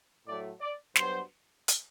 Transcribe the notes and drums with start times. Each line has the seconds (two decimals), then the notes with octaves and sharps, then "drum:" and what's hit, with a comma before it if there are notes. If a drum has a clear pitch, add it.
0.27 A2 F#3 A3 D5
0.60 D5
0.95 G2 F#3 B3 C5, drum: snare
1.68 drum: hi-hat